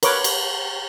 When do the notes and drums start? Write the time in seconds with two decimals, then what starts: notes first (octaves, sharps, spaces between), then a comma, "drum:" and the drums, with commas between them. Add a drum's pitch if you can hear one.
0.03 A#4 B4 C#5 D6, drum: cymbal
0.24 drum: cymbal